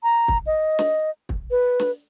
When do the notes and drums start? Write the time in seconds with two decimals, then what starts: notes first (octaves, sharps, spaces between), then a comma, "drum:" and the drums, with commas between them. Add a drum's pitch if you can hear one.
0.03 A#5
0.28 drum: kick
0.46 D#5
0.79 drum: snare
1.29 drum: kick
1.51 B4
1.80 drum: snare